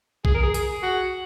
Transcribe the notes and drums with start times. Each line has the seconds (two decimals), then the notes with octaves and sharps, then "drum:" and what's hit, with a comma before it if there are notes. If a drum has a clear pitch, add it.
0.25 G#4, drum: kick A#1
0.34 A#4
0.42 G#4
0.54 G#4, drum: hi-hat
0.83 F#4